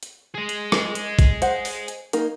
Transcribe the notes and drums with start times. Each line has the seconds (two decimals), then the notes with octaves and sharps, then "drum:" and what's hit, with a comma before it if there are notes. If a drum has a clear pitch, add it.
0.03 drum: hi-hat
0.34 G#4 D#5
0.49 drum: hi-hat
0.72 drum: rim click
0.95 drum: hi-hat
1.19 drum: kick G#1, hi-hat
1.42 C5 F#5, drum: hi-hat
1.65 drum: open hi-hat
1.88 drum: hi-hat
2.13 A#3 D#4 A#4, drum: hi-hat